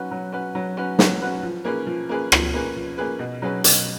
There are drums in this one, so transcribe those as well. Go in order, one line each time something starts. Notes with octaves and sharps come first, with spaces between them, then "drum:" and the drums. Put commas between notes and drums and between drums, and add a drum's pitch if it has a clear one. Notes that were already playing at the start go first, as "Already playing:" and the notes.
Already playing: F#3 C#4 F#4 B4
F#3
C#4 F#4 B4
F#3
C#4 F#4 B4
F#3, drum: snare
C#4 F#4 B4
F3
A#3 C#4 G#4 B4
F3
A#3 C#4 G#4 B4
F3, drum: rim click
A#3 C#4 G#4 B4
F3
A#3 C#4 G#4 B4
B2
F#3 C#4 G#4 B4
B2, drum: hi-hat